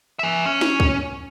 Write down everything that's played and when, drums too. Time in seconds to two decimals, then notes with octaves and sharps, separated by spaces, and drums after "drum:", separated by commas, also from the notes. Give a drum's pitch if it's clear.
0.19 G#4 E5
0.45 C#4
0.61 drum: snare
0.80 drum: kick C#2